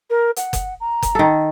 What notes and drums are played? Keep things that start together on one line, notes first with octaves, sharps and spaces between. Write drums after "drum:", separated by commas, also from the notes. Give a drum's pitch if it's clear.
A#4
F#5, drum: hi-hat
drum: kick F#1, hi-hat
A#5
drum: kick F#1, hi-hat
D#3 A4